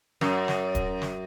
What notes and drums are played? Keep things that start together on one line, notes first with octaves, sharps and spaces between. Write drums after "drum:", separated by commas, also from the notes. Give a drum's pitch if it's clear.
F#2, drum: snare
drum: snare
drum: kick, hi-hat
drum: snare